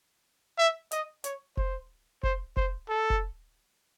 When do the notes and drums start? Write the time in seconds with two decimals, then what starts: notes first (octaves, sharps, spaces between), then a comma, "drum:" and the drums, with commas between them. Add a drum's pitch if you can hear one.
0.58 E5
0.92 D#5, drum: hi-hat
1.24 C#5, drum: hi-hat
1.57 C5, drum: kick F1
2.23 C5, drum: kick F1
2.57 C5, drum: kick F1
2.89 A4
3.10 drum: kick F1